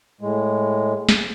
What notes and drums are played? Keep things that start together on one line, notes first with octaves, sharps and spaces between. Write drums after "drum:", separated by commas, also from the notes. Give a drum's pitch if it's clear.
A2 G#3
drum: snare